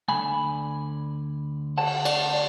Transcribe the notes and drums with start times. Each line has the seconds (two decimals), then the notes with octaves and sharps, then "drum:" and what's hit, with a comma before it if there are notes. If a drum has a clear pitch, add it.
0.08 D2 D3 G#3 G#5 B5
1.78 F#5 A5, drum: cymbal
2.05 D5 F#5, drum: cymbal
2.34 D5